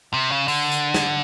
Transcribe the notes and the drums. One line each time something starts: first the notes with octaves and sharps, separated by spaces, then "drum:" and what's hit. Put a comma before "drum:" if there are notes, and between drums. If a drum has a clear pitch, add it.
C3
C#3
D3, drum: open hi-hat
drum: hi-hat
drum: snare